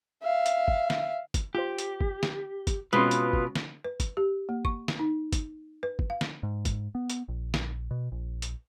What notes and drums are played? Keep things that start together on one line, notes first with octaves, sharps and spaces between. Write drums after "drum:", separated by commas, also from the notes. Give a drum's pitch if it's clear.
E5 F5
drum: hi-hat
drum: kick
drum: snare
drum: kick, hi-hat
F4 G4 C5
drum: hi-hat
drum: kick
drum: snare
drum: kick, hi-hat
B2 G#3 C4 C#4 F4 B4 C6 D#6
drum: hi-hat
drum: kick
drum: snare
B4
drum: kick, hi-hat
G4
A#3
C#6, drum: kick
drum: snare
D#4
drum: kick, hi-hat
B4
drum: kick
F5
drum: snare
G#2
drum: kick, hi-hat
B3
drum: hi-hat
A#1
drum: snare
B2
A#1
drum: hi-hat